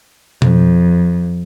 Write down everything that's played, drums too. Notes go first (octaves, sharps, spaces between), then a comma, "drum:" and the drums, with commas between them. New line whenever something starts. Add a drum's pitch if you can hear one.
F2, drum: tom B2